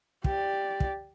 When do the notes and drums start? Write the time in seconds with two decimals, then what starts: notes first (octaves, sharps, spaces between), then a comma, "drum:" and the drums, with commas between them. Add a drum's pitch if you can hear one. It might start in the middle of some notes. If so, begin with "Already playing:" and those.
0.24 G4 D5, drum: kick
0.80 drum: kick